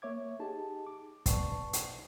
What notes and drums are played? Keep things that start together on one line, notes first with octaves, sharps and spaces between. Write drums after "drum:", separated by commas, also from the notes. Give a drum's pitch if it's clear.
A#3 C#5 E5 D6 G#6
D#4 G4 G#4 A5
D6
B2 B4 D5 A5 C#6, drum: kick, hi-hat
drum: hi-hat